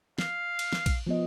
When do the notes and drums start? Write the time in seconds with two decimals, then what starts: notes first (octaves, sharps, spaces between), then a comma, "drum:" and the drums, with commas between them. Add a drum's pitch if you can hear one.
0.18 F5, drum: snare
0.59 drum: cymbal
0.73 drum: snare
0.86 drum: kick, cymbal
1.07 F3 B3 D#5